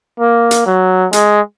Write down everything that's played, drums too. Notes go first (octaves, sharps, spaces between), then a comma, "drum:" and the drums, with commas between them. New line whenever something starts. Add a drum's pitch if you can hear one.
A#3
drum: hi-hat
F#3
G#3, drum: hi-hat